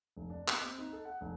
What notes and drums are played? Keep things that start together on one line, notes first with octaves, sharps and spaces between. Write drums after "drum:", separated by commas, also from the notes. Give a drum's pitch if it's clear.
F1
D4
F#6, drum: clap
C4
D#4
A4
F#5
F1